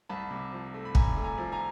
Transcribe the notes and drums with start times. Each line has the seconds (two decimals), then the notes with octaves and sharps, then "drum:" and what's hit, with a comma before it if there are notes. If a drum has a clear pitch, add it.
0.09 C2 A5 B5
0.31 C3
0.52 F3
0.74 A3
0.85 B5
0.95 C2 G#5 A#5, drum: kick
1.16 A3
1.24 G#5 A#5
1.38 F3
1.52 G#5 A#5